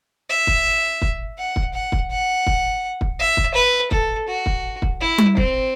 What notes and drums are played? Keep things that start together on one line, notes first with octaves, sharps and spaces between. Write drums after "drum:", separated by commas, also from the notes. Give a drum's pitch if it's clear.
E5
drum: kick
drum: kick
F#5
drum: kick
F#5
drum: kick
F#5
drum: kick
drum: kick
E5
drum: kick
B4
A4, drum: kick
F#4
drum: kick
drum: kick
E4
drum: tom G3
C4, drum: kick